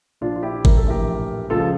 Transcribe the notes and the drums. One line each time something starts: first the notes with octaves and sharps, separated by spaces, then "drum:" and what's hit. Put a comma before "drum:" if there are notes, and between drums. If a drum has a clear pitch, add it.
A#1 A#2 F3 D4 F4
F4
E4 G4
A#4, drum: kick G1
A4
A#1 A2 E3 G4 A#4
C#2 C#3 F3 F4 A4